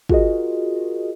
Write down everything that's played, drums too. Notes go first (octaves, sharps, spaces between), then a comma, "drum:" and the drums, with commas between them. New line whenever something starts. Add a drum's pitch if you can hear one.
F4 F#4 G#4 A#4 D#5, drum: kick